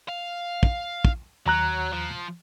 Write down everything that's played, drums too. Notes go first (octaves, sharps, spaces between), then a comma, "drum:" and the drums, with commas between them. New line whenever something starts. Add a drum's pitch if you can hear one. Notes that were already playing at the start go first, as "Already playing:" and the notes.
F5
drum: kick
drum: kick
D#2 F#3 A#5 F#6
F3